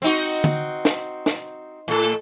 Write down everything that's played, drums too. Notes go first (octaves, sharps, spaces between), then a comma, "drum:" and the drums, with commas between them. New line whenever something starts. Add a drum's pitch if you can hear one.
C4 D#4 F#4
drum: tom D3
drum: snare
drum: snare
A2 A4